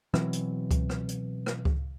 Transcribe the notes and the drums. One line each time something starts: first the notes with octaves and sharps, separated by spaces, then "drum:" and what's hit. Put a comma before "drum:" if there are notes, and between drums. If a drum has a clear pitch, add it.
B2 E3 F#3 C4, drum: rim click
drum: hi-hat
drum: kick C#2, hi-hat
drum: rim click
drum: hi-hat
drum: rim click
drum: kick C#2